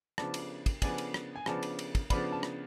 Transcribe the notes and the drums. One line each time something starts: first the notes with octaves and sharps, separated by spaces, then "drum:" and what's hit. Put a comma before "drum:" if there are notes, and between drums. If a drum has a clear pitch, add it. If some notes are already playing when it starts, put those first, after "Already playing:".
C#3 F3 B3 D4 A5, drum: rim click
drum: cymbal
drum: kick, cymbal
C#3 F3 B3 D4 G#5, drum: kick, cymbal
drum: cymbal
drum: rim click
G#5
C#3 F3 B3 D4 A5, drum: rim click
drum: cymbal
drum: cymbal
drum: kick, cymbal
C#3 F3 B3 D4 B5, drum: kick, cymbal
A5
drum: rim click